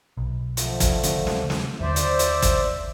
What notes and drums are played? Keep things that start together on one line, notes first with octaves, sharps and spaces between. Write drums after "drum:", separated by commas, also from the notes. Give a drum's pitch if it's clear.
B1
D3 F3 A3, drum: hi-hat
drum: kick, hi-hat
D2 C#3, drum: hi-hat
drum: snare
drum: snare
D#2 D3 C5 D5 E5
drum: hi-hat
drum: hi-hat
drum: kick, hi-hat